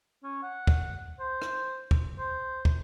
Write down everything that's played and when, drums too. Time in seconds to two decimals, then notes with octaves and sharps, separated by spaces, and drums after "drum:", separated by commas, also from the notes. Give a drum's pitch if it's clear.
0.23 C#4
0.43 F#5
0.67 drum: kick
1.20 C5
1.42 drum: rim click
1.91 drum: kick
2.19 C5
2.65 drum: kick